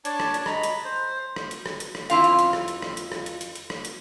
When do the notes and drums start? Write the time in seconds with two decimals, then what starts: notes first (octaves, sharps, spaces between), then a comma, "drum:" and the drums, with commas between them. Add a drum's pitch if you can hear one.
0.05 D4 C#5 D5 A5, drum: hi-hat
0.20 drum: rim click
0.34 drum: hi-hat
0.46 G#3 A#5 B5, drum: rim click
0.63 drum: hi-hat
0.85 C5
1.36 drum: rim click
1.51 drum: hi-hat
1.66 drum: rim click
1.80 drum: hi-hat
1.95 drum: rim click
2.10 F2 E4 F4 F5, drum: hi-hat
2.24 drum: hi-hat
2.39 drum: hi-hat
2.53 drum: rim click
2.68 drum: hi-hat
2.82 drum: rim click
2.97 drum: hi-hat
3.12 drum: rim click
3.26 drum: hi-hat
3.41 drum: hi-hat
3.55 drum: hi-hat
3.70 drum: rim click
3.85 drum: hi-hat